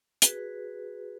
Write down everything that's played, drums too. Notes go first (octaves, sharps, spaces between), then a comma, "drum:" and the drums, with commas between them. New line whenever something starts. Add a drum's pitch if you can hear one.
F#4 G#4 B4, drum: hi-hat